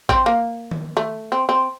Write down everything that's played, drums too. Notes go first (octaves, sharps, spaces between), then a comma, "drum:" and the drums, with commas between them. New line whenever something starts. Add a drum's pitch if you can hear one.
C4, drum: kick A1
A#3
drum: tom D#3
A3
C4
C4